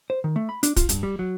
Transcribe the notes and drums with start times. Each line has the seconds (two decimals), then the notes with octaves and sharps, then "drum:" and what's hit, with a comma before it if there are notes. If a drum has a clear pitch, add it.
0.10 C5
0.24 D#3
0.36 A3
0.49 B5
0.63 D4, drum: hi-hat
0.76 F4, drum: kick, hi-hat
0.89 G2, drum: hi-hat
1.03 G3
1.19 F#3